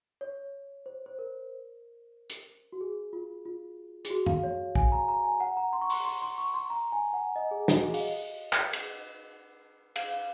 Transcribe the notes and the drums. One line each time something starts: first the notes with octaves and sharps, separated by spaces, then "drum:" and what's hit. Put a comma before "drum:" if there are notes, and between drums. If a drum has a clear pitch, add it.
C#5
C5
C5
A#4
drum: hi-hat
F#4
G#4
F4
F4
G#4, drum: hi-hat
F#4
F5, drum: tom F#2
C#5
G#5, drum: kick
A#5
A#5
G#5
F#5
A#5
C6
C#6
C6, drum: open hi-hat
C6
C6
C#6
C6
A#5
G#5
F#5
D#5
G#4
F#4, drum: snare
G#4
F5, drum: open hi-hat
D#5
drum: clap
drum: cymbal
F5, drum: cymbal
F5